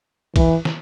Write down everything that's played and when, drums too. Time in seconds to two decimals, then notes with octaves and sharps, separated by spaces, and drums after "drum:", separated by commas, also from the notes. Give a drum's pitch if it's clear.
0.36 E3, drum: kick, cymbal
0.65 drum: snare